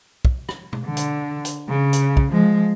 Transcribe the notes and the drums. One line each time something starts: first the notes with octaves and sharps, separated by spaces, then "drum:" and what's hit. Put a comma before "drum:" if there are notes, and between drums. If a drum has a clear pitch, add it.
drum: kick
drum: rim click
drum: tom B2
D3
drum: hi-hat
drum: hi-hat
C#3
drum: hi-hat
drum: kick
F3 G#3